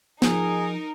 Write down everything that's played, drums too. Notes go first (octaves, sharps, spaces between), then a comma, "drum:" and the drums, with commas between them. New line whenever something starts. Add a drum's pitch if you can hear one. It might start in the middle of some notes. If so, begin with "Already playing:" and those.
F3 D#4 G#4 A#4, drum: snare